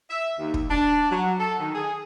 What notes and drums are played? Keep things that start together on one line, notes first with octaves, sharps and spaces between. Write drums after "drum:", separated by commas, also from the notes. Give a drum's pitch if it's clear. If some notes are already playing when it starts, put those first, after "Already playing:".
E5
D#2
drum: kick
D4
F#3
A4
D#3
G#4